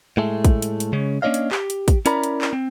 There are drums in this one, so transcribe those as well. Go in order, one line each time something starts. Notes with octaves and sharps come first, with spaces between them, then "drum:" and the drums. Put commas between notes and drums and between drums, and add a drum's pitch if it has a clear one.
A2 G#3 A3
drum: kick, hi-hat
drum: hi-hat
drum: hi-hat
C#3 G#3 C#4
A#3 C#4 D4 C#5 D#5 F5
drum: hi-hat
G4, drum: clap
drum: hi-hat
drum: kick, hi-hat
C#4 E4 A#4 D5 A#5 B5, drum: hi-hat
drum: hi-hat
drum: clap
C4